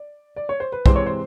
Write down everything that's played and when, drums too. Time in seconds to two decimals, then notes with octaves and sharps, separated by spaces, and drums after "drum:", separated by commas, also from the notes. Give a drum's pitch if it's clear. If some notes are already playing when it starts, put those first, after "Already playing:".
Already playing: D5
0.36 D5
0.49 C#5
0.60 C5
0.72 B4
0.86 C3 E3 G#3 C4 C5, drum: kick
0.96 C#5
1.06 C5